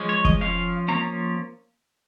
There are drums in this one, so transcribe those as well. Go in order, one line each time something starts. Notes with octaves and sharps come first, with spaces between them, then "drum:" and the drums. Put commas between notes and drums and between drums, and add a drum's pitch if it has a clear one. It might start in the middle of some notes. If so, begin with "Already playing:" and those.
Already playing: F3 G#3 C#4
C#5
D#5, drum: kick
F3 C#4 F5
F3 A#3 C#4 A#5